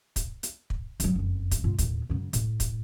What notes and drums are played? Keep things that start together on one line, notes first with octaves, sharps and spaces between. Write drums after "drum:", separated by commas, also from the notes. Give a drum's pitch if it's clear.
drum: kick, hi-hat
drum: hi-hat
drum: kick
F#3 D#4, drum: kick, hi-hat
F#1 F2
drum: kick, hi-hat
G#2 F4
D#2 A2, drum: kick, hi-hat
F#2 C#3
A2, drum: kick, hi-hat
drum: kick, hi-hat